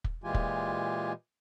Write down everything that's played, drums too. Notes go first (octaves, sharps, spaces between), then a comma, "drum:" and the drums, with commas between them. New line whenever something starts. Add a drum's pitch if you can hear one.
drum: kick
A#2 E3 G#3 F4 G4 G#5
drum: kick